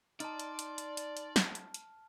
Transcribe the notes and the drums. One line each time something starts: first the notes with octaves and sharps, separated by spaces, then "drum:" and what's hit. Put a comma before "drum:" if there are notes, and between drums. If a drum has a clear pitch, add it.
D#4 D5 A5 C6 F6, drum: hi-hat
drum: hi-hat
drum: hi-hat
drum: hi-hat
drum: hi-hat
drum: hi-hat
drum: snare
drum: hi-hat
drum: hi-hat